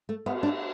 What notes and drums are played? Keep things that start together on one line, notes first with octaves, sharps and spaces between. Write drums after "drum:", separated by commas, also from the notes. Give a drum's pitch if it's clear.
A3
B3, drum: cymbal
D4